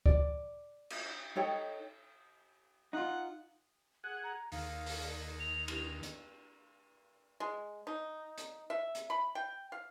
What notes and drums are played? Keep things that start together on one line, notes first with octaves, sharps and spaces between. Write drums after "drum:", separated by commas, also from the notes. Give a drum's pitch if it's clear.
D5, drum: kick
drum: cymbal
D#4 A4 C#5 G5
D#4 F4 F#5
G#4 F#5 F#6
A#5
D#2 F5, drum: open hi-hat
drum: open hi-hat
F7
drum: cymbal
drum: hi-hat
G#3
D#4
drum: hi-hat
E5
drum: hi-hat
B5
G5
F5